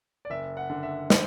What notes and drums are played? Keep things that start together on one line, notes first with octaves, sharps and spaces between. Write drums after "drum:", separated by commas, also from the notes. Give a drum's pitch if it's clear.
D5
F#1 E5
F#5
D3
E5
C5, drum: snare